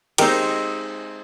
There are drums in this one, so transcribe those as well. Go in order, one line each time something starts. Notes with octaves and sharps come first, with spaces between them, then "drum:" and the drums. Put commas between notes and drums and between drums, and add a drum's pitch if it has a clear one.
G#3 C4 D#4 G4 A#4, drum: cymbal